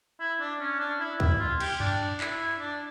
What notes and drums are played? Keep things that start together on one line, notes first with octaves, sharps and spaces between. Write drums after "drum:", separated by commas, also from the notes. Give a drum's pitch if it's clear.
E4
D4
C#4
D4
E4
E4, drum: kick
F4
G4, drum: cymbal
D4, drum: tom F#2
E4, drum: clap
D4